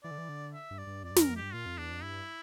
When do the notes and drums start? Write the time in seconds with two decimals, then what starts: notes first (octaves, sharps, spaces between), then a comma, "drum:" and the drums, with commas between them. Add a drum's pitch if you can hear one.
0.04 E3 D5
0.11 D3
0.18 E3
0.29 D3
0.54 E5
0.71 G2
0.79 D5
0.87 G2
1.04 F2 D5
1.11 G2
1.16 F2, drum: snare
1.20 A#4
1.28 F2
1.36 G4
1.42 G2
1.54 A#2 F4
1.66 F2
1.78 E2 D4
1.91 F2
2.03 G2 E4